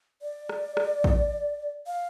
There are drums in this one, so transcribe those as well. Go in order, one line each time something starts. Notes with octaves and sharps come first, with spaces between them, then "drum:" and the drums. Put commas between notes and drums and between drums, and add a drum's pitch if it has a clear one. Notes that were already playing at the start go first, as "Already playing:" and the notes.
D5
drum: rim click
drum: rim click
drum: kick
F5